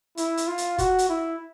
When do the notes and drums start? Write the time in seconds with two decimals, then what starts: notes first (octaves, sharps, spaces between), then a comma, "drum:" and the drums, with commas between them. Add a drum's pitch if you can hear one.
0.17 E4, drum: hi-hat
0.37 drum: hi-hat
0.47 F4
0.58 drum: hi-hat
0.78 F#4, drum: kick F#1, hi-hat
0.98 drum: hi-hat
1.09 E4